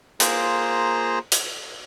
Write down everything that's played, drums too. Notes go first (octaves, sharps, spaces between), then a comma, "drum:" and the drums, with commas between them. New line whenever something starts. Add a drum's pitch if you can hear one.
A#3 F4 G#4 C5 A#5, drum: hi-hat
drum: hi-hat